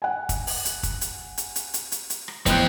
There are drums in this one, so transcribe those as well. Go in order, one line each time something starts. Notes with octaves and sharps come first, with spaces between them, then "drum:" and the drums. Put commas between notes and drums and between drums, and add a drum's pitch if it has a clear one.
F#5 G#5
drum: kick, hi-hat
drum: open hi-hat
drum: hi-hat
drum: kick, hi-hat
drum: hi-hat
drum: hi-hat
drum: hi-hat
drum: hi-hat
drum: hi-hat
drum: hi-hat
drum: rim click
A1 F3 B3 C4 C5 D#5 G5 F#6, drum: kick, hi-hat